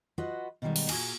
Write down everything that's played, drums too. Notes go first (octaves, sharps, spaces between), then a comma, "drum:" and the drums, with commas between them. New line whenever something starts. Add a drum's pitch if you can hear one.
F4 F#4 B4 D#5 F#5
B2 D3 D#3 G3 G#3 B3
drum: open hi-hat
A#2 F#4 G#4 G#5, drum: cymbal